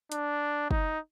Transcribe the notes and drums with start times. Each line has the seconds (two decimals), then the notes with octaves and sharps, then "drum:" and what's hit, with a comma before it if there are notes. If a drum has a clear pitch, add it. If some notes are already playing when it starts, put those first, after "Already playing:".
0.12 D4, drum: hi-hat
0.71 D#4, drum: kick